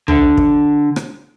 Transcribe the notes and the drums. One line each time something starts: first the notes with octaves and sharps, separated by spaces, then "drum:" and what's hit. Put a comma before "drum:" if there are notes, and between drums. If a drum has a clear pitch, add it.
D3, drum: tom B1
drum: kick
drum: rim click